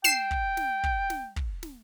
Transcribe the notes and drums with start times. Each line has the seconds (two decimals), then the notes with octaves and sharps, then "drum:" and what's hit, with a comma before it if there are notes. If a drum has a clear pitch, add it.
0.04 G5 C7 E7, drum: snare
0.31 drum: kick
0.57 drum: snare
0.83 drum: kick
1.10 drum: snare
1.36 drum: kick
1.63 drum: snare